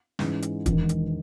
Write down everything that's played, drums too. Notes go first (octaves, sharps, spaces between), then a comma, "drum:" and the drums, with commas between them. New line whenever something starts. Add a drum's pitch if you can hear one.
G#2 E3 G#3 C#4, drum: snare
drum: hi-hat
E1 E2 D#3, drum: kick, hi-hat
drum: hi-hat